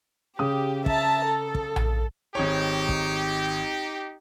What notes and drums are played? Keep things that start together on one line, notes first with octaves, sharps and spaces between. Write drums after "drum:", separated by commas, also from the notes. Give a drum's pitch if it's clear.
C#3 G4 D#6
E5 A5 A#5, drum: kick
A4
drum: kick
drum: tom A#1
G#1 D#4 G4 C#5
drum: kick